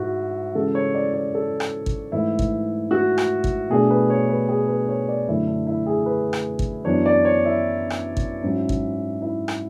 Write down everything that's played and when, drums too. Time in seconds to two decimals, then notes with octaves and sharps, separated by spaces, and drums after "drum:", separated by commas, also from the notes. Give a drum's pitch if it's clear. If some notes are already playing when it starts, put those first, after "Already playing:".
Already playing: G#2 G#3 E4 F#4
0.55 C#3 E3 G#3 C#4 A4
0.75 C#5
0.94 D5
1.14 C#5
1.34 A4
1.60 drum: rim click
1.86 drum: kick
2.12 G#2 E3 A3 E4
2.39 drum: kick
2.91 F#4
3.18 drum: rim click
3.44 drum: kick
3.70 B2 A3 D4 G#4
3.90 B4
4.10 C#5
4.29 B4
4.49 G#4
4.68 B4
4.89 C#5
5.09 D5
5.27 F#2 D3 A3 D4 E4
5.47 D4
5.67 E4
5.86 G#4
6.06 B4
6.33 drum: rim click
6.59 drum: kick
6.85 F#2 E3 B3 D4 C#5
7.06 D5
7.25 C#5
7.45 E4
7.90 drum: rim click
8.17 drum: kick
8.43 G#2 F#3 C#4
8.69 drum: kick
9.22 E4
9.48 drum: rim click